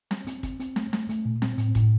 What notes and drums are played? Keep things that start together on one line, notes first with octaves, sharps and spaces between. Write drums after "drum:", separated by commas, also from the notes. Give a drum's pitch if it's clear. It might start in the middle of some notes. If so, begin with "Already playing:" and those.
C4, drum: snare
C4, drum: hi-hat
C4, drum: kick, hi-hat
C4, drum: hi-hat
A3, drum: snare
A3, drum: snare
A3, drum: hi-hat
A#2
C4, drum: snare
A2, drum: hi-hat
A2, drum: kick, hi-hat